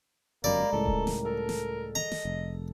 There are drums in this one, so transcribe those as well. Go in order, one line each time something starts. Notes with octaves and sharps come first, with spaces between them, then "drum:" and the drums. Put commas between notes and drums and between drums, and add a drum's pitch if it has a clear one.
G1 F#2 G3 G#3 A#3 D5 A#5
C#2 A2 A4 A#4
drum: kick D#1
drum: snare
A4 A#4
drum: snare
D#5 A#5
drum: snare
F1